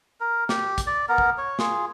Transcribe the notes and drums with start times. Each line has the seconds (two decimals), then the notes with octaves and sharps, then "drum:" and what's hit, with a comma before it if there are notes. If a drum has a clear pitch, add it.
0.20 A#4
0.49 G4, drum: snare
0.78 drum: kick, hi-hat
0.87 D5
1.09 B3 A#4
1.18 drum: kick
1.38 C#5
1.59 F4 G#4, drum: snare